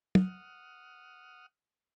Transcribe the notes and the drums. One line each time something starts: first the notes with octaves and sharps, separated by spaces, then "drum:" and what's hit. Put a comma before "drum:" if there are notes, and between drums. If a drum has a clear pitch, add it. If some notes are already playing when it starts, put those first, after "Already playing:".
F#5 D#6 F6, drum: tom